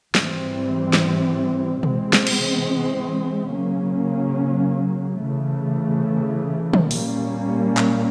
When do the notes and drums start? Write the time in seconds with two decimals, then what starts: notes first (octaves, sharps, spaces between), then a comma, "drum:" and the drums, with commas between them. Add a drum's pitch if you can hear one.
0.15 G#2 E3 G3 C4, drum: snare
0.93 drum: snare
1.83 C3 E3 G#3 C4, drum: tom
2.13 drum: snare
2.27 drum: cymbal
3.52 C#3 F#3 A#3 C#4
5.21 C#3 E3 A3
6.73 drum: tom
6.91 A#2 G3 A#3 C#4, drum: open hi-hat
7.77 drum: clap